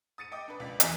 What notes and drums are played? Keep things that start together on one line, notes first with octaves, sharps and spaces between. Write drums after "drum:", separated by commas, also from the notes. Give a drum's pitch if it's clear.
D#6 A6 C#7 D#7
D#5 G5 D6 D#6
D4 B4
C#2 D5 B6
F1 E2 B2 E3 F#6, drum: hi-hat